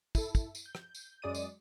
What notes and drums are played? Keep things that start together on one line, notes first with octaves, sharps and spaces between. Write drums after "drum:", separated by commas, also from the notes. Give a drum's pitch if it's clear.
E4 A4, drum: kick, tambourine
drum: kick, tambourine
drum: tambourine
G6
drum: rim click
drum: tambourine
F#2 G#3 D5 D#6 D#7
drum: tambourine